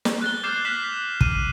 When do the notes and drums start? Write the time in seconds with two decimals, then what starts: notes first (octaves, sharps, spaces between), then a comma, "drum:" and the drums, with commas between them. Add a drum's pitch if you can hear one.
0.05 drum: snare
0.21 F#6 A6 G7
0.43 D6 F6 G6 A6 C7 E7
0.65 F#6 B6 E7 F#7
1.21 D#7, drum: kick